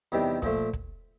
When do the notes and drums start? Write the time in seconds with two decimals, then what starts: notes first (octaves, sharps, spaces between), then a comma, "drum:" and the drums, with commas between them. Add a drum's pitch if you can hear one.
0.12 E2 C3 D#3 G3
0.42 A#2 F3 A3, drum: kick
0.73 drum: kick